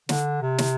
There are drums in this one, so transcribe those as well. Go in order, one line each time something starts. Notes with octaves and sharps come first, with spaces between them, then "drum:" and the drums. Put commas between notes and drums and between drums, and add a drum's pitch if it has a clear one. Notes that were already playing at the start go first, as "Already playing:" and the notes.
D3, drum: snare
C3
drum: snare